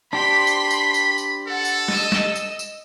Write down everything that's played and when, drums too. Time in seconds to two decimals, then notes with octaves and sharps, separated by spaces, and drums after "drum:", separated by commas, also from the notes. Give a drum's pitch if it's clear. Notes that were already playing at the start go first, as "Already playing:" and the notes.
0.13 D4 G4 C5 B5 C6 B6
0.47 drum: tambourine
0.71 drum: tambourine
0.94 drum: tambourine
1.18 drum: tambourine
1.47 A4 F#5
1.65 drum: tambourine
1.88 D#5 E6, drum: snare
2.12 drum: snare
2.36 drum: tambourine
2.59 drum: tambourine